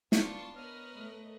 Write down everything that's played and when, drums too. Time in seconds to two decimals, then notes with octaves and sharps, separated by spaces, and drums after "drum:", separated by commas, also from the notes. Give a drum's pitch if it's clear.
0.12 B3 D4 F4 A5 C6 C#6, drum: snare
0.56 A#4 B4 C#5 D#5 F6
0.95 A3